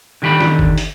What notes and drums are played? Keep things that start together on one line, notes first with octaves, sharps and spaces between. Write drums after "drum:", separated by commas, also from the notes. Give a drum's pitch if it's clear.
D3 D#3 G4 F#5 B5
drum: snare
drum: kick
drum: hi-hat